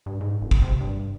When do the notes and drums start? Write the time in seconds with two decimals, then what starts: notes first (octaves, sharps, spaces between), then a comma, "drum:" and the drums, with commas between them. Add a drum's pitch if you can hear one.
0.06 G2
0.21 G#2
0.41 F1
0.51 drum: kick
0.62 C3
0.80 G2